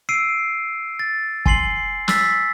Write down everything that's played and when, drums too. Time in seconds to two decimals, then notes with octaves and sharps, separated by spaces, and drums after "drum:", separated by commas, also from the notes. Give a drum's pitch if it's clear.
0.09 E6 C7 D7 D#7
0.99 A6
1.46 G#5 C6 C7 F#7, drum: kick
2.08 E6 A6 B6, drum: snare